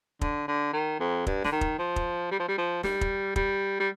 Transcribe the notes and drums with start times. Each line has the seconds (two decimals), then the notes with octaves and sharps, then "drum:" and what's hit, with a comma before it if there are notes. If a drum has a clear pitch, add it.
0.21 D3, drum: kick
0.48 D3
0.73 D#3
1.00 F2
1.27 G2, drum: kick
1.44 D3, drum: snare
1.52 D#3
1.61 drum: kick
1.79 F3
1.96 drum: kick
2.31 G3
2.39 F3
2.48 G3
2.58 F3
2.83 G3, drum: snare
3.01 drum: kick
3.36 G3, drum: kick
3.80 G3